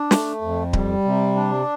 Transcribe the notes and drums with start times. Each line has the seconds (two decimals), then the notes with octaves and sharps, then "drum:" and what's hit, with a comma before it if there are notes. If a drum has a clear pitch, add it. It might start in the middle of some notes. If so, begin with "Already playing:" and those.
Already playing: D4
0.11 A3, drum: snare
0.41 F2
0.73 G3, drum: kick D1
1.04 C3
1.35 D4